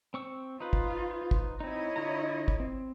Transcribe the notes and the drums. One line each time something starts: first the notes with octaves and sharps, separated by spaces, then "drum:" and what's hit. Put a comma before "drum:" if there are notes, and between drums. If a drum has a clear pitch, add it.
C4 C#6 E6
D#4 F4 B4 C5
drum: kick
drum: kick
C4 D#4 E4 C#5 D#5
D3 F4 A#5
drum: kick
C4